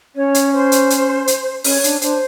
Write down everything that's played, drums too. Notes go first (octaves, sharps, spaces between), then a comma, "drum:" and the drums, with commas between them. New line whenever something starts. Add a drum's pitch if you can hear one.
C#4 C#5
drum: hi-hat
C5
drum: hi-hat
drum: hi-hat
drum: hi-hat
C#4 C#5, drum: open hi-hat
D4, drum: hi-hat
D4 C5, drum: hi-hat